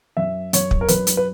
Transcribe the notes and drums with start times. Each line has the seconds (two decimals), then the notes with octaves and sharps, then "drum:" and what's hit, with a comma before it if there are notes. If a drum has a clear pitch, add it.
0.17 F#2 E5
0.53 F#2 C#5, drum: hi-hat
0.71 drum: kick
0.81 A#4
0.88 F#2 B4, drum: hi-hat
1.07 drum: hi-hat
1.17 B4